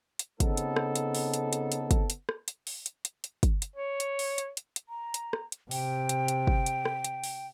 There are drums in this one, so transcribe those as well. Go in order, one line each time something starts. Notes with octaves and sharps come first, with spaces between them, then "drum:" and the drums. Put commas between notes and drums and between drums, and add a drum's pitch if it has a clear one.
drum: hi-hat
C#3 B3 C4 D#4 A4, drum: kick, hi-hat
drum: hi-hat
drum: rim click
drum: hi-hat
drum: open hi-hat
drum: hi-hat
drum: hi-hat
drum: hi-hat
drum: kick, hi-hat
drum: hi-hat
drum: rim click
drum: hi-hat
drum: open hi-hat
drum: hi-hat
drum: hi-hat
drum: hi-hat
drum: kick, hi-hat
drum: hi-hat
C#5
drum: hi-hat
drum: open hi-hat
drum: hi-hat
drum: hi-hat
drum: hi-hat
A#5
drum: hi-hat
drum: rim click
drum: hi-hat
C3 G5, drum: open hi-hat
drum: hi-hat
drum: hi-hat
drum: kick
drum: hi-hat
drum: rim click
drum: hi-hat
drum: open hi-hat